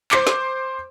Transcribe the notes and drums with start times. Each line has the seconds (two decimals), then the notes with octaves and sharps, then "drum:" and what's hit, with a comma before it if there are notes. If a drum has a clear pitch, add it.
0.11 C5 C6 D6, drum: clap
0.27 drum: snare